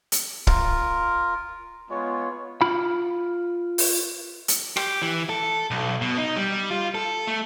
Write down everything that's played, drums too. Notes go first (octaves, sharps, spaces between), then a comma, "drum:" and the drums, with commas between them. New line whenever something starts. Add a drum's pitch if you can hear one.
drum: hi-hat
F4 A#4, drum: kick
G#3 B3 F4 C#5
F4 B5
drum: open hi-hat
drum: hi-hat
G4, drum: rim click
E3
A4
B1
B2
D#4
G3
F4
A4
A3